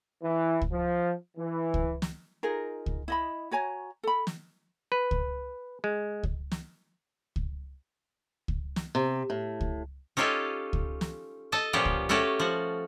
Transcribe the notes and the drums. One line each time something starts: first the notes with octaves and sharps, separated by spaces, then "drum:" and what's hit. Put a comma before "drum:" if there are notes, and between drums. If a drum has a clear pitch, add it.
E3
drum: kick C#2
F3
E3
drum: kick C#2
drum: snare
D#4 F4 G#4 A#4
drum: kick C#2
E4 D#5 B5
F#4 C#5 G#5 A#5
A4 B5
drum: snare
B4
drum: kick C#2
G#3
drum: kick C#2
drum: snare
drum: kick C#2
drum: kick C#2
drum: snare
C3
A2
drum: kick C#2
C#4 D#4 F4 G4 A4 C#5
drum: kick C#2
drum: snare
A4 D#5 A5
A#2 F3 B3 C#4 G4 A#5
drum: kick C#2
A3 C#4 F#4 G4 A4
F3 F#4